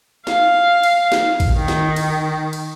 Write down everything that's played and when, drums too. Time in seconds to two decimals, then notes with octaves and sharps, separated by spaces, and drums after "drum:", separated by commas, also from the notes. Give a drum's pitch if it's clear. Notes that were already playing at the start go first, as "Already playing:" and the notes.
0.27 F5, drum: snare
0.83 drum: cymbal
1.12 drum: snare
1.40 drum: kick A#1, cymbal
1.56 D#3
1.68 drum: snare
1.96 drum: cymbal
2.53 drum: cymbal